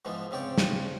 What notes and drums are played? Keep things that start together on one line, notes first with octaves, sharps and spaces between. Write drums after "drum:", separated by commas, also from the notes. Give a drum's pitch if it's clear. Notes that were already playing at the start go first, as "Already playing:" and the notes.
G#2 E3 F3 G#3 B3
G#2 C#3 C4 C#5 D5 G5
drum: snare